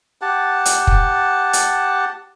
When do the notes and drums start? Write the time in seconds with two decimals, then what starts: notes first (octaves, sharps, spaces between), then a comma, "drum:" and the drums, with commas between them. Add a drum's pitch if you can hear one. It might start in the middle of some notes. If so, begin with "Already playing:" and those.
0.22 G4 F#5 A5
0.65 drum: hi-hat
0.87 drum: kick
1.53 drum: hi-hat